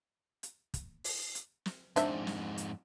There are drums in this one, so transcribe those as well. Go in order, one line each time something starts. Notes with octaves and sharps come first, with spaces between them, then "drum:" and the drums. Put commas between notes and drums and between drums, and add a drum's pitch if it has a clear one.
drum: hi-hat
drum: kick, hi-hat
drum: open hi-hat
drum: hi-hat
drum: snare
F2 G#2 D4 C5 E5, drum: hi-hat
drum: snare
drum: hi-hat